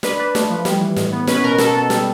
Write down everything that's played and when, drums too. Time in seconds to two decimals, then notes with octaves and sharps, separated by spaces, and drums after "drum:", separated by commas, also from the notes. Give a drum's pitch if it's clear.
0.03 D4 B4, drum: snare
0.19 D4
0.35 A3, drum: snare
0.50 F3
0.65 G3, drum: snare
0.80 E3
0.96 A2, drum: snare
1.12 B3
1.27 C#4 B4, drum: snare
1.43 B2 A#4
1.58 B2 A4, drum: snare
1.75 B2
1.90 G3, drum: snare